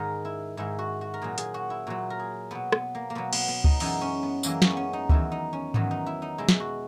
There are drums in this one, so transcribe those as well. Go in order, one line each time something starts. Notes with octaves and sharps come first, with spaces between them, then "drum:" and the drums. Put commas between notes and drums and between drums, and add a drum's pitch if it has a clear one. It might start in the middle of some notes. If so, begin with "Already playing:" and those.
Already playing: G#2 D#3 G#3 G#4 A#4
E4
G#2 D#3 G#3 E4
F#4
F#4
A#4
A#2 F#3 G#4
G#4, drum: hi-hat
F#4
E4
A#2 F#3 F#4
A#4
G#4
B2 F#3 B3
B3, drum: rim click
A#3
A#3
B2 F#3 B3
B3, drum: cymbal
B3
D#4, drum: kick C#2
F#2 E3 G#3 D#4, drum: open hi-hat
C#4
B3
F#2 E3 G#3 A#3, drum: tambourine
C#4, drum: snare
B3
C#4
D#4
E2 D#3 F#3 E4, drum: kick C#2
D#4
C#4
E2 D#3 F#3 B3, drum: tom G#2
D#4
E4
D#4
B2 G#3 E4
drum: snare
F#4